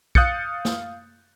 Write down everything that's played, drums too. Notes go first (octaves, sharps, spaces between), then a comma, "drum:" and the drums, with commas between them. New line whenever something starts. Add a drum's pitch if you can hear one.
F5 D#6 F#6 G6 A6 C#7, drum: kick
drum: snare